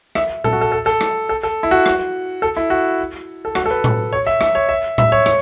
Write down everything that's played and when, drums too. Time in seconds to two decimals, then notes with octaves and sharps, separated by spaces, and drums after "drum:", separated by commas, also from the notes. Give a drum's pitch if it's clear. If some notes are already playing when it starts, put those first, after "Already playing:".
0.15 E5, drum: rim click
0.44 A4, drum: tom A#2
0.53 F#4
0.61 A4
0.72 A4
0.86 A4
1.01 drum: rim click
1.29 A4
1.43 A4
1.63 E4
1.71 F#4
1.86 drum: rim click
2.42 A4
2.57 E4
2.70 F#4
3.45 A4
3.55 F#4, drum: rim click
3.66 A4
3.71 B4
3.84 drum: tom A2
4.13 C#5
4.27 E5
4.41 E5, drum: rim click
4.55 C#5
4.69 E5
4.98 E5, drum: tom A2
5.12 C#5
5.26 C#5, drum: rim click